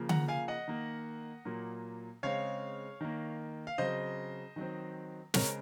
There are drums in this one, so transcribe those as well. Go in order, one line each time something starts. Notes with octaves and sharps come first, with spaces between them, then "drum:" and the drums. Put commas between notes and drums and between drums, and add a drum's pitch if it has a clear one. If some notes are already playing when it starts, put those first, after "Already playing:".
Already playing: C#3 F3 A#3
F#5 A#5, drum: tom D3
F5 G#5
D#5 F#5
D#3 A#3
A#2 F#3 A#3
C#3 G#3 C4 C#5 F5
D#3 A#3
F5
C#3 F#3 C4 C5 D#5
D#3 F#3 C4
C#3 G#3 C4 A#4 C#5, drum: snare